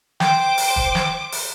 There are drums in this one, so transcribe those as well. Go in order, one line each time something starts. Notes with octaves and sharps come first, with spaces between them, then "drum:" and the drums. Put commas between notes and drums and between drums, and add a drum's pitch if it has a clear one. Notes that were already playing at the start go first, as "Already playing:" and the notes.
C5 G5 D6 D7, drum: snare
drum: open hi-hat
drum: kick
drum: snare
drum: open hi-hat